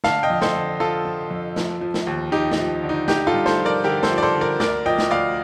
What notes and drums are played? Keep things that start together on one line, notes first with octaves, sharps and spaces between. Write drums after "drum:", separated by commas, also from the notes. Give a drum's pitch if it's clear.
D3 F5 A5, drum: snare
D#5 G5
F2
A4 C5, drum: snare
D3
F3 F4 A4
F3
F2
F3, drum: snare
F3
drum: snare
D#2
D#2 D#4 G4
D#4, drum: snare
F3
D3
D#4
D3 D#4 G4, drum: snare
F4 A4
G2
A4 C5, drum: snare
F3
A#4 D5
D3 G4 A#4
A4 C5, drum: snare
F3
D5
A4 C5
D3
A#4 D5
D2 A#4 D5, drum: snare
F3 D#5 G5
drum: snare
D2 D5 F5